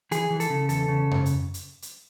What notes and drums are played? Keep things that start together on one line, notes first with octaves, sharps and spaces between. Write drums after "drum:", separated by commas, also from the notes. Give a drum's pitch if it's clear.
E3 G#4, drum: hi-hat
E3
A4, drum: hi-hat
C#3
E2 A4, drum: hi-hat
C#3
drum: tom F#2
drum: hi-hat
drum: hi-hat
drum: hi-hat